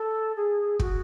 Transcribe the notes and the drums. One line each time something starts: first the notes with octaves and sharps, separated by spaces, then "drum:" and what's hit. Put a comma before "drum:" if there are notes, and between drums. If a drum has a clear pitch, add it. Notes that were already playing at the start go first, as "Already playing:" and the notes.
Already playing: A4
G#4
F#4, drum: kick